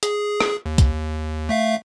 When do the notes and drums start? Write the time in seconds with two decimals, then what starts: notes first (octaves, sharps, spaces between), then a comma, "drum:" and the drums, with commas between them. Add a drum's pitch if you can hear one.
0.03 G#4, drum: hi-hat
0.40 drum: rim click
0.66 D#2
0.78 drum: kick C2, hi-hat
1.49 A3 E5 F5